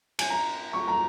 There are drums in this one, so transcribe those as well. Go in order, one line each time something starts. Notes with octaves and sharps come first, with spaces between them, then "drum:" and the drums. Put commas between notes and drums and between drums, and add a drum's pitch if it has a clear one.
G#5, drum: cymbal
A#5
C#6
A#5